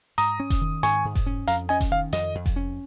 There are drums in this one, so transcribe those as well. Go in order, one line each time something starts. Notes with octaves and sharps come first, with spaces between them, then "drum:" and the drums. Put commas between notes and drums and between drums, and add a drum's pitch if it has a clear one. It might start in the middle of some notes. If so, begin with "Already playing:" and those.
G#2 A#5 D#6, drum: hi-hat
C#4
drum: kick F1, hi-hat
D#3
G#2 G#5 C#6, drum: hi-hat
G#2
drum: kick F1, open hi-hat
C#4
F2 F5 A#5, drum: hi-hat
C#4 D#5 G#5
drum: kick F1, hi-hat
D#3 F5
F2 D#5, drum: hi-hat
F2
drum: kick F1, open hi-hat
C#4